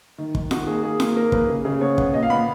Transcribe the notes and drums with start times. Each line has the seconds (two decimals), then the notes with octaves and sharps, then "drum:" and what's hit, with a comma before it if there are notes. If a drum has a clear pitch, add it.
0.18 D#3
0.35 D#3, drum: kick
0.51 D#3 F#4, drum: snare
0.67 A#3 G#4
0.84 A#3 G#4
1.00 A#3, drum: snare
1.16 A#3 A#4
1.32 A#3 B4, drum: kick
1.49 C#3
1.65 C#3
1.81 B3 C#5
1.98 B3, drum: kick
2.14 A#2 D#5
2.23 F5
2.30 B3 B5